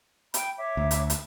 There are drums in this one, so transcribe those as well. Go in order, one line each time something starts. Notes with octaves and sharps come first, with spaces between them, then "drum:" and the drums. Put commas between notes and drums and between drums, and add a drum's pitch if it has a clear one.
G5 B5, drum: hi-hat
C#5 E5 D6
D2
drum: hi-hat
drum: hi-hat